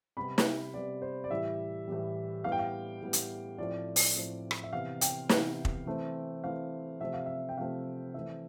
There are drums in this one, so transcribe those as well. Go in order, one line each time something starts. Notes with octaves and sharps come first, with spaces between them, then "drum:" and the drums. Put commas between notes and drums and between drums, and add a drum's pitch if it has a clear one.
C3 G3 B3 B5
drum: snare
C3 G3 B3 D5
C5
D5
A2 E3 G3 E5
A2 E3 G3
A2 G3 B3 F5
G5
F5
A2 G3 B3
drum: hi-hat
A2 F3 A3 C4 D5
drum: open hi-hat
A2 F3 A3 C4
drum: rim click
E5
C3 E3 B3 F5
G5, drum: hi-hat
C3 E3 B3, drum: snare
drum: kick
E3 A3 C4
E3 A3 C4 F5
C3 F3 A3 C4 E5
F5
E5
G5
C3 F3 A3 C4 F5
E3 A3 C4 E5